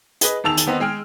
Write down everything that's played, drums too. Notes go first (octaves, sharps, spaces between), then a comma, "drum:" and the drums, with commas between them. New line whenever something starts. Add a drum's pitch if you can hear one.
G#4 B4 D#5, drum: hi-hat
E2 D#3 A5 E6 F7
drum: hi-hat
D#3 B3 C4 D#4
G#3 G#4 G5 F6